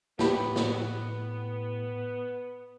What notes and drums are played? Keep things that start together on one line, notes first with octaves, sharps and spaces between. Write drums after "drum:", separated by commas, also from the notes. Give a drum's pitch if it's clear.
A2 B3 G4 B5, drum: snare
drum: snare